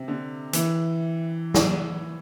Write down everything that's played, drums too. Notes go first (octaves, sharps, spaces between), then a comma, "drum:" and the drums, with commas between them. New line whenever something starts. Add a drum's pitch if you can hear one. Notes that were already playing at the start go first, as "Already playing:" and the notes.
Already playing: C3
D3
E3, drum: hi-hat
drum: snare